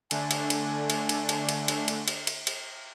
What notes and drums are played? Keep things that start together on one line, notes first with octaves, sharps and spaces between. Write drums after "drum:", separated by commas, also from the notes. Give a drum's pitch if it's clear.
D3 A3 D4 G#5, drum: cymbal
drum: cymbal
drum: cymbal
drum: cymbal
drum: cymbal
drum: cymbal
drum: cymbal
drum: cymbal
drum: cymbal
drum: cymbal
drum: cymbal
drum: cymbal